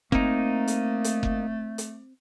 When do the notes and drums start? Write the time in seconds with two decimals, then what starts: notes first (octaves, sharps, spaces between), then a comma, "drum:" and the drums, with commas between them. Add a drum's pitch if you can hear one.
0.12 A3 A#3 C4 D#4, drum: kick F#1
0.68 drum: hi-hat
1.04 drum: hi-hat
1.23 drum: kick F#1
1.78 drum: hi-hat